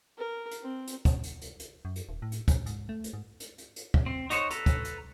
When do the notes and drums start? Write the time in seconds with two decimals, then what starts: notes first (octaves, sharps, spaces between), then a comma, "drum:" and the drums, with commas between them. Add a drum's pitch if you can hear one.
0.18 A#4
0.51 drum: hi-hat
0.62 C4
0.87 drum: hi-hat
1.05 drum: kick, hi-hat
1.23 drum: hi-hat
1.41 drum: hi-hat
1.59 drum: hi-hat
1.85 F#2
1.96 drum: hi-hat
2.09 D#1
2.22 A2
2.32 drum: hi-hat
2.48 A#1, drum: kick, hi-hat
2.66 G#2, drum: hi-hat
2.89 A3
3.04 drum: hi-hat
3.13 G#2
3.40 drum: hi-hat
3.58 drum: hi-hat
3.76 drum: hi-hat
3.94 drum: kick
4.06 C4
4.30 D#4 F#4 C5 C#5, drum: hi-hat
4.50 A4 B4 A#5, drum: hi-hat
4.66 drum: kick, hi-hat
4.84 drum: hi-hat